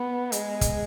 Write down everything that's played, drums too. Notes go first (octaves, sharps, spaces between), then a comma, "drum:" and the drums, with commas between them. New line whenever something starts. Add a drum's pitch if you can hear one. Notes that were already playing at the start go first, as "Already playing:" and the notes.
Already playing: B3
G#3, drum: hi-hat
drum: kick, hi-hat